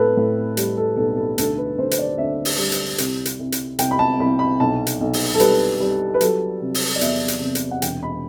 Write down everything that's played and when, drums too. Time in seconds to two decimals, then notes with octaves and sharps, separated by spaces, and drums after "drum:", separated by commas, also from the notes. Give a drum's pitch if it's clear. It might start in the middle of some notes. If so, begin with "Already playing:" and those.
Already playing: A2 A4 B4
0.17 A2
0.57 G3, drum: hi-hat
0.77 A4
0.97 B1 A4
1.17 A4
1.38 D2 A4, drum: hi-hat
1.58 B4
1.78 D2 C5
1.91 C5, drum: hi-hat
1.99 D5
2.18 D2 E5
2.45 drum: open hi-hat
2.58 G3
2.72 drum: hi-hat
2.98 C2, drum: hi-hat
3.25 drum: hi-hat
3.39 C2
3.52 drum: hi-hat
3.79 C2 G5, drum: hi-hat
3.91 B5
3.99 A5
4.20 C2 B5
4.39 B5
4.60 B1 A5
4.87 drum: hi-hat
5.01 B1
5.13 drum: open hi-hat
5.34 A4
5.40 G3 B4, drum: hi-hat
5.80 G3
6.14 B4
6.21 F#3 A4, drum: hi-hat
6.62 C3
6.74 drum: open hi-hat
6.96 D5
7.01 E2 E5, drum: hi-hat
7.28 drum: hi-hat
7.41 C3
7.55 drum: hi-hat
7.71 F#5
7.82 E1 G5, drum: hi-hat
8.03 B5